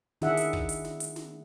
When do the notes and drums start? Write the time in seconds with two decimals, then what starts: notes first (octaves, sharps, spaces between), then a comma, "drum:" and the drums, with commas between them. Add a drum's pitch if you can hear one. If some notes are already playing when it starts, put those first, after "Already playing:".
0.22 D#3 D4 E4 G#4 E5 F#5, drum: snare
0.37 drum: hi-hat
0.53 drum: kick
0.69 drum: hi-hat
0.85 drum: snare
1.00 drum: hi-hat
1.16 drum: snare